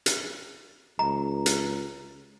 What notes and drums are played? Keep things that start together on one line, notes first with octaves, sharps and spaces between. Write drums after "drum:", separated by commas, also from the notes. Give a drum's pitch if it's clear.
drum: hi-hat
C#2 A#5
drum: hi-hat